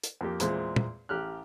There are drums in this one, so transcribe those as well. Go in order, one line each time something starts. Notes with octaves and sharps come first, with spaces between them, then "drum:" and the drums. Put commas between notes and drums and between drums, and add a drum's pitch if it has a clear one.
drum: hi-hat
F2 A#3 G4
E2 A#2 G#3 C4, drum: hi-hat
drum: tom
A1 G4 F6 F#6